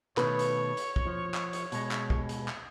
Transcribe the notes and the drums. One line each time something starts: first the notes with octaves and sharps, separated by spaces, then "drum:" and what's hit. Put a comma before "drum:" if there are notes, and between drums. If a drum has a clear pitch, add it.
B2 D#3 A3 B4 C#5, drum: clap
drum: hi-hat
drum: hi-hat
drum: kick
F3
drum: clap
drum: hi-hat
B2 G#3, drum: hi-hat
drum: clap
drum: kick
drum: hi-hat
drum: clap